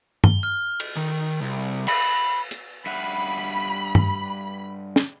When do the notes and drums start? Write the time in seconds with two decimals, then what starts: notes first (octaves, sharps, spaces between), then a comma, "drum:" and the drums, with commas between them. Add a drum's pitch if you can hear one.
0.24 G7, drum: tom G2
0.43 F6
0.80 drum: cymbal
0.97 D#3
1.42 C2
1.88 B5, drum: cymbal
2.51 drum: hi-hat
2.86 G2 E5 F#5 B5
3.95 drum: tom G2
4.96 drum: snare